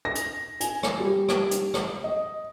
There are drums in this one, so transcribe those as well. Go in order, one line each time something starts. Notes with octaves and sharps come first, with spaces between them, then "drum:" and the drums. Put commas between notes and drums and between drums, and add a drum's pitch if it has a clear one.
A#6
drum: hi-hat
G#5, drum: hi-hat
drum: rim click
G3
drum: rim click
drum: hi-hat
drum: rim click
D#5